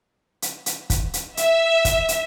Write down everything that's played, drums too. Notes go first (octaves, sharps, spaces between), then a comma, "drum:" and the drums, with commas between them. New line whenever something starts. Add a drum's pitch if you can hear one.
drum: hi-hat
drum: hi-hat
drum: kick, hi-hat
drum: hi-hat
E5, drum: hi-hat
drum: kick, hi-hat
drum: hi-hat